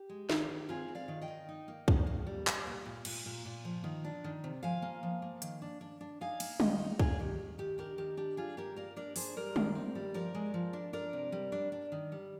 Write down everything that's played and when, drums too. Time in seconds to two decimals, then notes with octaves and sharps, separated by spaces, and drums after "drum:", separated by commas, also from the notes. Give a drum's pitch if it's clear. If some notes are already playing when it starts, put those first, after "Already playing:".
Already playing: G4
0.09 G#3
0.30 D#3, drum: snare
0.49 D#3
0.69 C4 F4 G#4
0.88 C4
0.95 D5 F5
1.08 D#3
1.21 D#5 G5
1.28 D#3
1.49 D#4
1.68 A#3
1.88 D#3, drum: kick
2.07 A#3
2.27 G3
2.47 G3, drum: clap
2.67 A#2
2.86 A#2
3.05 A#2, drum: cymbal
3.26 A#2
3.45 A#2
3.65 F3
3.84 D#3
4.04 D4
4.24 D#3
4.44 C3
4.63 F3 F5 G#5
4.82 A#3
5.03 F3
5.22 A#3
5.42 D#3, drum: hi-hat
5.62 D4
5.81 D4
6.01 D4
6.21 D#4 F5 G#5
6.40 A#3, drum: cymbal
6.60 D#3 D#5 G5, drum: tom G3
6.79 D#4
6.99 D#3 F4 G#4, drum: kick
7.19 D#3 G4
7.39 D#3
7.58 D#3 G4
7.78 D4 G4 A#4
7.98 D#3 G4 A#4
8.17 D4 G4
8.37 G3 F4 G#4
8.57 A#3 G4 A#4
8.76 A#3 A#4 D5
8.96 D4 A#4 D5
9.16 D4 G#4 C5, drum: open hi-hat
9.36 G3 A#4 D5
9.56 D#3, drum: tom G3
9.75 C4
9.95 G3
10.14 F3 A#4 D5
10.35 G#3
10.54 F3
10.73 D4
10.93 D4 A#4 D5
11.13 C3
11.32 G3
11.52 D4
11.72 D4
11.92 D#3
12.12 G3